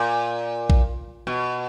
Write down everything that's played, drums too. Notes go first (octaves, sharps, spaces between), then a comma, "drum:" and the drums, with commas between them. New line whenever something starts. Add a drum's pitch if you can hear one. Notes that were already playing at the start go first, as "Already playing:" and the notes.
Already playing: A#2
drum: kick A#1
B2